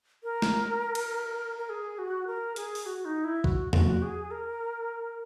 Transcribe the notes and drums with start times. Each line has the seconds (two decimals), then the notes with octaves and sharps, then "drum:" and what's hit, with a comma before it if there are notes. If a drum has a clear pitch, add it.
0.24 A#4
0.42 drum: snare G#3
0.95 drum: cymbal
1.58 A#4
1.69 G#4
1.99 F#4
2.27 A#4
2.56 G#4, drum: hi-hat
2.75 drum: open hi-hat
2.86 F#4
3.05 D#4
3.24 E4
3.44 F#4, drum: kick B1
3.73 F#4, drum: tom E2
4.02 G#4
4.31 A#4